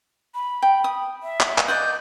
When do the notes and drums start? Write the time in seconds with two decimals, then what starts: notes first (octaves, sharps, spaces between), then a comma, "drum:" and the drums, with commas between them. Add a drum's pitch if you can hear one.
0.34 B5
0.62 G5
0.84 D#6
1.23 E5
1.40 drum: clap
1.58 drum: clap
1.68 D5 D#5 F#5 G6